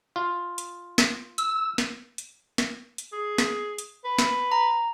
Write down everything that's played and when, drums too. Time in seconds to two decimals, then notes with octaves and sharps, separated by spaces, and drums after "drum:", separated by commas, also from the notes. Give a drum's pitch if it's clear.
0.16 F4
0.58 drum: hi-hat
0.98 drum: snare
1.38 E6, drum: hi-hat
1.78 drum: snare
2.18 drum: hi-hat
2.58 drum: snare
2.98 drum: hi-hat
3.13 G#4
3.38 drum: snare
3.78 drum: hi-hat
4.04 B4
4.19 drum: snare
4.52 A#5